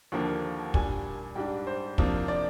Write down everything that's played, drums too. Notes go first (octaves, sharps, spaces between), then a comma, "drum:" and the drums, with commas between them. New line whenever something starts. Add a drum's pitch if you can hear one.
D#2 D3 F3 A#3 D4
A#2 G3 D4 G#5, drum: kick
G#2 G3 D4 G5
C5
C3 F3 A#3 D4, drum: kick
D5